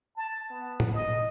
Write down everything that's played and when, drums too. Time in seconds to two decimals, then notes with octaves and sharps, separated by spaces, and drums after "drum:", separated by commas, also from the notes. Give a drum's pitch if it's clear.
0.16 A5
0.50 B3
0.80 drum: tom A2
0.94 D#5